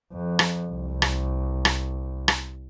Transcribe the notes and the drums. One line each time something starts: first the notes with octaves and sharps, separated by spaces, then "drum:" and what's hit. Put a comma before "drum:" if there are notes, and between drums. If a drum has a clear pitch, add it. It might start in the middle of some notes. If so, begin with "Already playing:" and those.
F2
drum: rim click
C2
drum: rim click
drum: rim click
drum: rim click